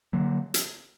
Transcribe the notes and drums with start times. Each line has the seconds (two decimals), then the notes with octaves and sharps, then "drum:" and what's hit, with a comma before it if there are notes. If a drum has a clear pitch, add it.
0.13 D3 F#3 A#3
0.54 drum: hi-hat